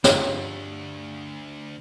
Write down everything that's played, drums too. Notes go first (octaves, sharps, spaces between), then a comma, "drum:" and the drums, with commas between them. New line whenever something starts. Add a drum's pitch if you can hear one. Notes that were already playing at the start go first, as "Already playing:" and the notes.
D2 G2 D#4 F4 G5, drum: snare